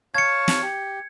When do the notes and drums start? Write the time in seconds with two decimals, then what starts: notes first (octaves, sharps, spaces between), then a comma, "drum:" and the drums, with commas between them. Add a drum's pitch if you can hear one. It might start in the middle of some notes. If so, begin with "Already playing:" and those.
0.15 C#5 F5 A5 G#6 C#7
0.48 drum: snare
0.62 G4